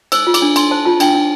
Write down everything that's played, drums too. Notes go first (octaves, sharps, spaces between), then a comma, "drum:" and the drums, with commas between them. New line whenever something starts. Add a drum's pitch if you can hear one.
C5 E6, drum: cymbal
F4
D6, drum: cymbal
D4
D4 C6, drum: cymbal
C5 A5
F4 A5
D4 G5, drum: cymbal
D4